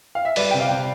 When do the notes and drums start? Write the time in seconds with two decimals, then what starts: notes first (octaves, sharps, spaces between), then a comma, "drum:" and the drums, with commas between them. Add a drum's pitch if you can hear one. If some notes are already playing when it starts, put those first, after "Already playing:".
0.15 F5
0.25 E5
0.36 G3 B4 D5, drum: open hi-hat
0.51 C3 G5
0.60 D5 F5
0.70 C3